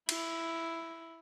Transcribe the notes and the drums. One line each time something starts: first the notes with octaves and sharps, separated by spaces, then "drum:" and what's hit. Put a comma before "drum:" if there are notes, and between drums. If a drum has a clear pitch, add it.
E4, drum: cymbal